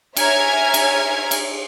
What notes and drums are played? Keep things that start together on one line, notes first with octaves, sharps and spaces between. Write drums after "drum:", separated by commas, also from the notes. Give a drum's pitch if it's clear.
C#5 E5 G#5 A#5 F6 G#6, drum: cymbal
drum: cymbal
drum: cymbal